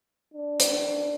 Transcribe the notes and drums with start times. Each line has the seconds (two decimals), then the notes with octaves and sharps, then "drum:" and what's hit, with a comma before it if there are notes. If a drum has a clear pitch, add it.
0.34 D4
0.60 drum: hi-hat